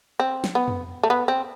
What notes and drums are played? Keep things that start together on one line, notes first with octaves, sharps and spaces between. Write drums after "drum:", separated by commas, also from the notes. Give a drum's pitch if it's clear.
C4
drum: snare
B3
drum: tom F2
A3
B3
C4